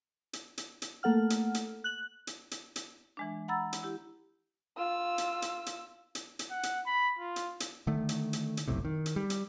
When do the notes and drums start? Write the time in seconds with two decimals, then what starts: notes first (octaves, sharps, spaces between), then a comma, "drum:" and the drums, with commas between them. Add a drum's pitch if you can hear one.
0.33 drum: hi-hat
0.58 drum: hi-hat
0.82 drum: hi-hat
1.03 A3 A#3 A4 F#5 F6
1.30 drum: hi-hat
1.54 drum: hi-hat
1.84 F#6 F#7
2.27 drum: hi-hat
2.51 drum: hi-hat
2.76 drum: hi-hat
3.17 E3 G#3 D4
3.48 F#5 A#5 B5 E6 A6
3.73 drum: hi-hat
3.83 E4 G4
4.78 F4 E6
5.18 drum: hi-hat
5.42 drum: hi-hat
5.66 drum: hi-hat
6.15 drum: hi-hat
6.39 drum: hi-hat
6.51 F#5
6.63 drum: hi-hat
6.86 B5
7.19 F4
7.36 drum: hi-hat
7.60 drum: hi-hat
7.87 D3 D#3 A3
8.09 drum: hi-hat
8.33 drum: hi-hat
8.57 drum: hi-hat
8.68 F1 B1 A2 C3
8.85 D#3
9.06 drum: hi-hat
9.16 G3
9.30 drum: hi-hat